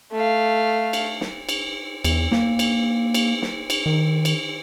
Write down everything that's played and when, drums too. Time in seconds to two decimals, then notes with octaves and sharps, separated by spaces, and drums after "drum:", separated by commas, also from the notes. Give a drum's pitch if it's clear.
0.12 A3 F5
0.93 drum: cymbal
1.21 drum: snare
1.49 drum: cymbal
2.04 E2, drum: cymbal
2.32 A#3, drum: snare
2.59 drum: cymbal
3.14 drum: cymbal
3.42 drum: snare
3.70 drum: cymbal
3.86 D#3
4.25 drum: cymbal